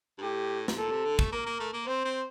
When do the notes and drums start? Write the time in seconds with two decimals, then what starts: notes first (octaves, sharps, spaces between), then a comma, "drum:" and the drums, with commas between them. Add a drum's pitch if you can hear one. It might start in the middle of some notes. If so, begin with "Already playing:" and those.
0.18 G2
0.22 A2 G4
0.68 C3, drum: snare
0.77 A#2 A4
0.92 C3
1.05 D3
1.19 A3, drum: kick
1.32 A#3 A#4
1.47 A#3
1.60 A3
1.73 A#3
1.87 C4 C5
2.05 C4